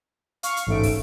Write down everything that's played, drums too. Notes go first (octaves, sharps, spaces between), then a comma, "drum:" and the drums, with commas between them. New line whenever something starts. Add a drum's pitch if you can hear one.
F5 C#6, drum: hi-hat
drum: hi-hat
A1 G#2 A3 D7
drum: kick, open hi-hat